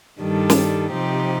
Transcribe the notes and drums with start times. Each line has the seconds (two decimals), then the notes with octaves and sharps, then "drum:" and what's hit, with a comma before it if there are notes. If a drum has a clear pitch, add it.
0.20 G2 D#3 G3 D4 A4
0.50 drum: snare
0.91 C3 F3 C4 D#4 G4